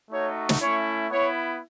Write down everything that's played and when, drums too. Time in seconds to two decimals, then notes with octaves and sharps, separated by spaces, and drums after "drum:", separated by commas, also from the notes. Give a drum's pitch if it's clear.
0.10 A3 D#4 F#4 C#5
0.49 drum: snare
0.60 A3 C#4 E4 C#5
1.10 B3 E4 C#5